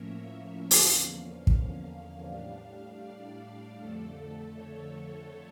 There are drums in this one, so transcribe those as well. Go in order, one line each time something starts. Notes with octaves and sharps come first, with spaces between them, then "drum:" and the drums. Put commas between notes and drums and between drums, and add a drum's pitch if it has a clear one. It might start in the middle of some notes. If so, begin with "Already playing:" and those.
Already playing: A2 F3 A#3 C#4 A#4 C#5 E5
E2 D3 F3 A#3 C#4 F5, drum: open hi-hat
F5, drum: kick
A2 G3 D4 F5
D5
F2 D3 A3 A4
C#5